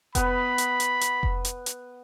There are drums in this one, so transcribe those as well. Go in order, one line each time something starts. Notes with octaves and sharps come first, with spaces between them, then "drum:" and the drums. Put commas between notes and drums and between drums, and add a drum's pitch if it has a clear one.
B3 B4 B5, drum: kick F1, hi-hat
drum: hi-hat
drum: hi-hat
drum: hi-hat
drum: kick F1
drum: hi-hat
drum: hi-hat